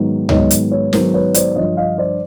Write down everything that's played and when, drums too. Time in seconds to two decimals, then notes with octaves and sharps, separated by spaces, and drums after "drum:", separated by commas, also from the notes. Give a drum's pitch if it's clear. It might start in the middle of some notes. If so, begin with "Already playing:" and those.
Already playing: G#2 D#3 F#3 B3
0.29 G#2 D#3 F#3 B3 C#5 D#5, drum: tom C#2
0.51 drum: hi-hat
0.72 B4 C#5
0.93 G#2 D#3 F#3 B3 A#4 C5, drum: snare
1.14 B4 C#5
1.34 C5 D5, drum: hi-hat
1.56 G2 D3 F3 C#5 D#5
1.77 D#5 F5
1.98 C5 D5